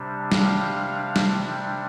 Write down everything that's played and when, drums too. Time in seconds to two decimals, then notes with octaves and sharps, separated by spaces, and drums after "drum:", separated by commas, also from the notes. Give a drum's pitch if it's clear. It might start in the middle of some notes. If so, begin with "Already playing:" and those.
Already playing: C3 G3 D4
0.32 F5, drum: snare
1.16 drum: snare